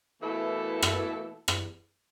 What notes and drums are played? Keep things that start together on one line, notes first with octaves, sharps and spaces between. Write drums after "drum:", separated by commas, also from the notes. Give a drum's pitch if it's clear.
B2 E3 A3 A#3 E4 A4
drum: rim click
drum: rim click